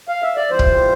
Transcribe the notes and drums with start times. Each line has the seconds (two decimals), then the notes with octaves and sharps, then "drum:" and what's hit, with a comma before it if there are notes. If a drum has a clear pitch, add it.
0.08 F5
0.22 E5
0.36 D5
0.50 E2 E3 G3 C4 F4 C5
0.59 drum: kick